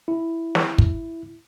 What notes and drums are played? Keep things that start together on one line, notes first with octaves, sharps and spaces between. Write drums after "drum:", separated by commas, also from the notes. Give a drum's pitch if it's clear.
E4
drum: snare
drum: kick